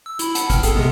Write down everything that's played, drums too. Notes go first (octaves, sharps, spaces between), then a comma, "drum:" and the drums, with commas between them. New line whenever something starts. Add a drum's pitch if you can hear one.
E6
E4 B5, drum: hi-hat
F#5 A5, drum: hi-hat
G5 F6, drum: kick, hi-hat
G#4 A4, drum: hi-hat
C3 G#3 B3